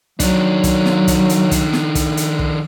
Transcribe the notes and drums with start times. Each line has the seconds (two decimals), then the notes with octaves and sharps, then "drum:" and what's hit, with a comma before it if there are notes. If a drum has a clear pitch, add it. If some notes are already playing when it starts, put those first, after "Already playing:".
0.20 D#3 F#3 D4, drum: kick, hi-hat
0.64 drum: kick, hi-hat
0.85 drum: snare
1.07 drum: kick, hi-hat
1.29 drum: hi-hat
1.51 drum: kick, hi-hat
1.73 drum: snare
1.95 drum: kick, hi-hat
2.17 drum: hi-hat
2.39 drum: kick